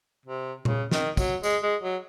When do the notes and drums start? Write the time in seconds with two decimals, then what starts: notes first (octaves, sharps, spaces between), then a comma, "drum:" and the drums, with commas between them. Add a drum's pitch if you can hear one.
0.26 C3
0.65 C#3, drum: tom A#2
0.91 D#3, drum: snare
1.17 F#3, drum: kick, tambourine
1.43 G#3, drum: tambourine
1.63 G#3
1.83 F#3